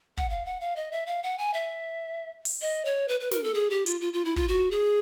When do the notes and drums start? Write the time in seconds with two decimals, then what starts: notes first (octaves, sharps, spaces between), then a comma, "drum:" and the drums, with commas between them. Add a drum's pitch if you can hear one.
0.17 F#5, drum: kick
0.30 F5
0.45 F#5
0.61 F5
0.76 D#5
0.92 E5
1.06 F5
1.23 F#5
1.38 G#5
1.54 E5
2.45 drum: open hi-hat
2.61 D#5
2.85 C#5
3.08 B4
3.20 B4
3.31 A#4, drum: snare
3.44 A4
3.54 G#4
3.70 G4
3.86 F4, drum: hi-hat
4.01 F4
4.13 F4
4.25 E4
4.36 F4, drum: kick
4.48 F#4
4.71 G#4